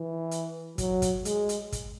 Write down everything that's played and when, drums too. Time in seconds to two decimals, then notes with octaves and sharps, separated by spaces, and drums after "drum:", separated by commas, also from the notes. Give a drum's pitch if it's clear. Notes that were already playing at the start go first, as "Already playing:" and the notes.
Already playing: E3
0.31 drum: hi-hat
0.78 F#3, drum: kick, hi-hat
1.02 drum: kick, hi-hat
1.25 G#3, drum: hi-hat
1.49 drum: hi-hat
1.72 drum: kick, hi-hat